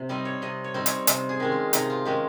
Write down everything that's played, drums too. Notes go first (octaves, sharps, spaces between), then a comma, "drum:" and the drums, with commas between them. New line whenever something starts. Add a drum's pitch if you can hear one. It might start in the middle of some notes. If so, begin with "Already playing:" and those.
Already playing: C3
G3 C4 D#4 D#5
C#5
C3 D#5
C#5
G3 C4 D#4
C#5, drum: hi-hat
C3 C5, drum: hi-hat
G#4
D#3 G#3 C#4
F4
C3 D#4, drum: hi-hat
F4
D#3 G#3 C#4 G4